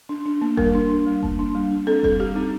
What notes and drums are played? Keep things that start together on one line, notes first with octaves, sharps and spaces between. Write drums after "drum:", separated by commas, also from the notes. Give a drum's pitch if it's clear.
D4
D4
A#3
G3 A#4, drum: kick F#1
D4
D4
G3
A#3, drum: kick F#1
D4
G3
D4
C4 A4
G3 A4, drum: kick F#1
G3 G4
C4 D#4